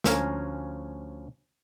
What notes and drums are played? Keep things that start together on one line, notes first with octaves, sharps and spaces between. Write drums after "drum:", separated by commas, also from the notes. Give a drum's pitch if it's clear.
D2 F3 C#4 F5 G#5 A#5, drum: snare